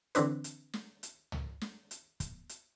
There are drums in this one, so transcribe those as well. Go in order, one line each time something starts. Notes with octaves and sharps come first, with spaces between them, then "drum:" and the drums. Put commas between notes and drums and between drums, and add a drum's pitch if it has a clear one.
D3 E3 C4 D4 B4, drum: hi-hat
drum: hi-hat
drum: snare
drum: hi-hat
drum: tom
drum: snare
drum: hi-hat
drum: kick, hi-hat
drum: hi-hat